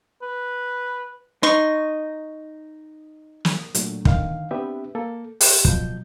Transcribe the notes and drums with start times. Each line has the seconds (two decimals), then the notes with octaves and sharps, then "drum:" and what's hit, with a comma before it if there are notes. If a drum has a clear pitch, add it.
0.22 B4
1.43 D#4 C6 C#6
3.45 drum: snare
3.75 A#2 F#3 A3 D4, drum: hi-hat
4.05 D3 D#3 F5, drum: kick
4.51 B3 C4 D4 G4 B4 E5
4.95 A#3 A4
5.41 G4, drum: open hi-hat
5.65 B2 F3 F#3 G6, drum: kick